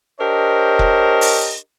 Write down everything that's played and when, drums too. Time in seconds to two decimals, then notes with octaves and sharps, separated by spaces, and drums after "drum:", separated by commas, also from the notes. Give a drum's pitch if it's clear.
0.20 D4 G4 A#4 C5 C#5 D#5
0.79 drum: kick F1
1.21 drum: open hi-hat